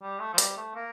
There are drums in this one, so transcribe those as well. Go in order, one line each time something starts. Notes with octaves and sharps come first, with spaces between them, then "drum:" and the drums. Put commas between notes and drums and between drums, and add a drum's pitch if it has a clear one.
G3
A3
F3
G3, drum: hi-hat
A3
A#3